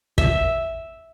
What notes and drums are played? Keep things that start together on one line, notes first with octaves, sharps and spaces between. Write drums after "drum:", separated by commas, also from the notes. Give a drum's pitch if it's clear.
E5, drum: kick